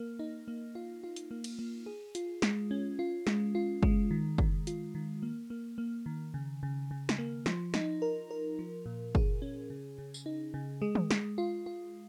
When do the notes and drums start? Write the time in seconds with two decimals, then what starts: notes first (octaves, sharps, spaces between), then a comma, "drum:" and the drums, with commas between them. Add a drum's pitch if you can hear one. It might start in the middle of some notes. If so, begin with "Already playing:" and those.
Already playing: A#3
0.19 D#4
0.48 A#3
0.75 F4
1.03 F4
1.16 drum: hi-hat
1.31 A#3
1.44 drum: cymbal
1.59 A#3
1.86 G#4
2.15 F4, drum: hi-hat
2.42 G#3, drum: snare
2.71 C#4
2.99 F4
3.27 G#3, drum: snare
3.55 F4
3.83 G#3, drum: kick
4.11 D#3
4.38 D#3, drum: kick
4.67 F4, drum: hi-hat
4.95 D#3
5.22 A#3
5.50 A#3
5.78 A#3
6.06 D#3
6.34 C#3
6.63 C#3
6.91 C#3
7.09 drum: snare
7.18 A#3
7.46 F3, drum: snare
7.74 D#4, drum: snare
8.02 A#4
8.31 A#4
8.59 F3
8.86 A#2
9.15 G#4, drum: kick
9.42 C#4
9.70 C#3
9.98 C#3
10.14 drum: tambourine
10.26 D#4
10.54 C#3
10.82 G#3
10.95 drum: tom
11.11 G#3, drum: snare
11.38 F4
11.66 F4